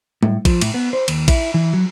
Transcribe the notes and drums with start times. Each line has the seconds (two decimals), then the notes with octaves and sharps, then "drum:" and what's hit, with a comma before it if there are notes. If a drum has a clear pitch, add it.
0.23 A2, drum: tom G3
0.45 F3, drum: kick, cymbal
0.61 A2, drum: cymbal
0.74 B3
0.93 C5
1.08 D#2, drum: cymbal
1.28 E4, drum: kick, cymbal
1.54 E3
1.73 F#3